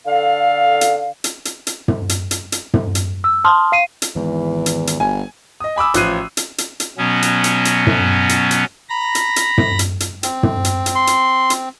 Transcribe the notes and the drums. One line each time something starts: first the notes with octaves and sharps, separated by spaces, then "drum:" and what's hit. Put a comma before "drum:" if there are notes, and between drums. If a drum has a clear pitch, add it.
D3 A4 F5
drum: hi-hat
drum: hi-hat
drum: hi-hat
drum: hi-hat
drum: tom
drum: hi-hat
drum: hi-hat
drum: hi-hat
drum: tom
drum: hi-hat
E6
A5 C6 D#6 F6
F5 C7 D#7
drum: hi-hat
E2 D#3 E3 G#3
drum: hi-hat
drum: hi-hat
G1 G#5
D#5 D#6
G#5 B5 D6 E6
A1 F3 F#6 C7 D#7, drum: hi-hat
drum: hi-hat
drum: hi-hat
drum: hi-hat
B2 F#3 B3 C#4
drum: hi-hat
drum: hi-hat
drum: hi-hat
drum: tom
drum: hi-hat
drum: hi-hat
A#5 B5 A#6
drum: hi-hat
drum: hi-hat
drum: tom
drum: hi-hat
drum: hi-hat
C4, drum: hi-hat
drum: tom
drum: hi-hat
drum: hi-hat
C6
drum: hi-hat
drum: hi-hat